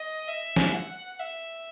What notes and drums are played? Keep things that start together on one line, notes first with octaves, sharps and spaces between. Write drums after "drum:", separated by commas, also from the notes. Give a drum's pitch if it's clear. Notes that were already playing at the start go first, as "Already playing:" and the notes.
Already playing: D#5
E5
drum: snare
F#5
E5